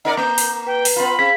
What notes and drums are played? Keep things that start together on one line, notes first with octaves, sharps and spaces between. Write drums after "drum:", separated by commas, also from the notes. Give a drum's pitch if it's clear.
D#4 A#4 D5 F#5
A#3 A#5 G6
drum: open hi-hat
B4 G5
drum: open hi-hat
B3 F4 B5
C4 G#4 F5 B6